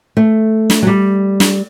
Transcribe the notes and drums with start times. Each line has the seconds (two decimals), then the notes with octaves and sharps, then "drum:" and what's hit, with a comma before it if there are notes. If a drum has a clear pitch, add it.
0.17 A3
0.70 drum: snare
0.83 F#3
0.87 G3
1.40 drum: snare